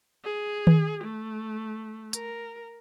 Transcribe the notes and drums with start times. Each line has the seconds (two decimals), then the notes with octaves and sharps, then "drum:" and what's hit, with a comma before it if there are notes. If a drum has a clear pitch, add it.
0.24 G#4
0.67 drum: tom D#3
1.04 A3
2.13 A#4, drum: hi-hat